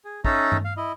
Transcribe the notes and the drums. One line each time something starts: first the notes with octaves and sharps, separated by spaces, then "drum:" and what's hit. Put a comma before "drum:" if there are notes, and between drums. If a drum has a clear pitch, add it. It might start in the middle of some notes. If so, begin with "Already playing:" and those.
G#4
C#4 D#4 A4 E5 A#5, drum: kick
drum: tom G2
F5
E4 D#5